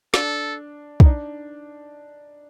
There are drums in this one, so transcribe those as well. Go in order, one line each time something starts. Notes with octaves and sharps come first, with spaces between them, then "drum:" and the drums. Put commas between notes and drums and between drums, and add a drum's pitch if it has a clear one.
D4 A4, drum: snare
D#4, drum: kick
D4